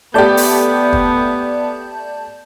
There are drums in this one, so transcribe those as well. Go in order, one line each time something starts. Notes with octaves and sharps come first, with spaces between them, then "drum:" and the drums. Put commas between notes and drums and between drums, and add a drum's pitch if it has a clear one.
A3 B3 G4 D5 A5 G6
drum: open hi-hat
drum: kick